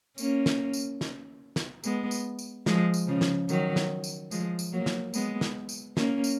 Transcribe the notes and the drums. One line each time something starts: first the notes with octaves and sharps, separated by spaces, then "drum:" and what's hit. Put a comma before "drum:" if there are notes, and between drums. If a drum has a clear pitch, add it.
A#3 C#4, drum: tambourine
drum: snare
drum: tambourine
drum: snare
drum: snare
G#3 B3, drum: tambourine
drum: tambourine
drum: tambourine
F3 G#3, drum: snare
drum: tambourine
C#3 F3
drum: snare
D#3 F#3, drum: tambourine
drum: snare
drum: tambourine
F3 G#3, drum: tambourine
drum: tambourine
F#3 A#3
drum: snare
G#3 B3, drum: tambourine
drum: snare
drum: tambourine
A#3 C#4, drum: snare
drum: tambourine